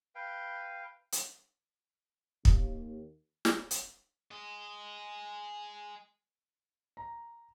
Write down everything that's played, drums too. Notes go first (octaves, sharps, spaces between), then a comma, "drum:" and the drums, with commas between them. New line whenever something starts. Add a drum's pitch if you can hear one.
B4 F5 G5
drum: hi-hat
D#2, drum: kick
drum: snare
drum: hi-hat
G#4 D#5
A#5